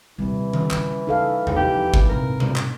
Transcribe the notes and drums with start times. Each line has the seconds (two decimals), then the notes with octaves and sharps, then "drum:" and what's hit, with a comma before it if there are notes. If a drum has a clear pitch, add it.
0.19 D#2 C3 E3 G3
0.53 drum: tom D#3
0.71 C#3, drum: clap
1.07 D#4 A4 F5
1.47 drum: tom E2
1.56 F3 D#4 G4
1.94 drum: kick
2.09 G#2 C3 A#4
2.40 drum: tom B2
2.56 drum: clap